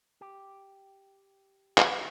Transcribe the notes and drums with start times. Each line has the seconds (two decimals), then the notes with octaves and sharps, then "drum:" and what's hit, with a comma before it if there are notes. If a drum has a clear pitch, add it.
0.21 G4
1.78 F#4 A#4 C#5 E5, drum: clap